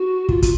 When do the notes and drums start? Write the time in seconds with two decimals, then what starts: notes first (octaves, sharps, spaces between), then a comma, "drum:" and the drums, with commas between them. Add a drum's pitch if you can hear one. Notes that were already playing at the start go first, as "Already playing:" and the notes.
Already playing: F#4
0.29 F4, drum: kick
0.42 drum: kick, hi-hat